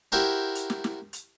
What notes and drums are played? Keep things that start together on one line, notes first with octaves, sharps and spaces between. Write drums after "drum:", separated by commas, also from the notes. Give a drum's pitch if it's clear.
E4 F#4 G4 A#4 C5
drum: hi-hat
drum: snare
drum: snare
drum: hi-hat